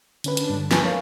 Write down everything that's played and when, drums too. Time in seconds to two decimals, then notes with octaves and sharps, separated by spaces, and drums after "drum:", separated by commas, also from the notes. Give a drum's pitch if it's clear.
0.24 D3 C#4 B4, drum: hi-hat
0.37 D4, drum: hi-hat
0.50 G2 D3
0.71 B4 G#5 A5 C#6, drum: snare
0.85 A#4 C#5 F5